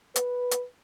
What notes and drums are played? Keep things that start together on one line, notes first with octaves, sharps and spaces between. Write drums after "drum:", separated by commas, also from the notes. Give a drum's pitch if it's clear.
B4, drum: hi-hat
drum: hi-hat